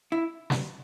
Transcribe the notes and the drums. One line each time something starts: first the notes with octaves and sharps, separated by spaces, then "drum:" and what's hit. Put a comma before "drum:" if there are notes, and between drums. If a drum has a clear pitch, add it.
E4
drum: snare